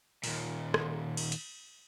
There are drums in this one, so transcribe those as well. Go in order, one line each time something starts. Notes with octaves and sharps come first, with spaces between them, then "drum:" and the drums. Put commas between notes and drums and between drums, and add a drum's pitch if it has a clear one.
D#2 A#2, drum: open hi-hat
drum: rim click
drum: cymbal
drum: hi-hat